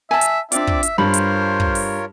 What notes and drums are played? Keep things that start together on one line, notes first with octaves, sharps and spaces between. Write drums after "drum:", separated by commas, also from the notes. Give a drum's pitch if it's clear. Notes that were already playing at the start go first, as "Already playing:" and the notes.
E5 G#5 A5
drum: hi-hat
C4 D4 F4 D5 E5 D6, drum: hi-hat
drum: kick
drum: hi-hat
G2 F4 A#4 C5 C#5 B5
drum: hi-hat
drum: kick
drum: open hi-hat